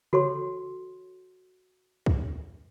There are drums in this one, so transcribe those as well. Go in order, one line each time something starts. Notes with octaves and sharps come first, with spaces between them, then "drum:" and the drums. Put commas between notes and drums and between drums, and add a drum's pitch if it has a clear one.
F#4 A4 C#5 C6, drum: tom C#3
drum: kick